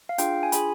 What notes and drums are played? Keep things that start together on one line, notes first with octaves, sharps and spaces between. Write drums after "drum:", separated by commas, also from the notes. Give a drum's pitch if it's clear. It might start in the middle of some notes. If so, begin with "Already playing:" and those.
F5
D4 F4 G#4 G5, drum: hi-hat
G#5
D4 F4 G#4 B5, drum: hi-hat